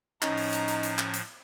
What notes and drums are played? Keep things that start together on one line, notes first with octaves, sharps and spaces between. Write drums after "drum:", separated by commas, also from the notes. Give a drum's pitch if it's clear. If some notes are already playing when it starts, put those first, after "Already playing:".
A2 F3 C#4 D#4 A#5, drum: clap
drum: open hi-hat
drum: hi-hat
drum: hi-hat
drum: hi-hat
drum: clap
drum: hi-hat